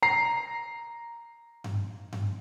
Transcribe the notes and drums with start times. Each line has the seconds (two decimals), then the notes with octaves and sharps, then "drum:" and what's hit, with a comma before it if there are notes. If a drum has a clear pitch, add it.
0.03 A#5 C7
1.64 drum: tom G2
2.13 drum: tom G2